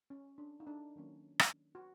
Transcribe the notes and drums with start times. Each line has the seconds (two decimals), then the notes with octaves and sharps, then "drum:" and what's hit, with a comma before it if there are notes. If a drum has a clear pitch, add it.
0.10 C#4
0.38 D4
0.60 D#4
0.67 D4
0.96 D#3 F#3 A#3 C#4
1.39 drum: rim click
1.75 F#4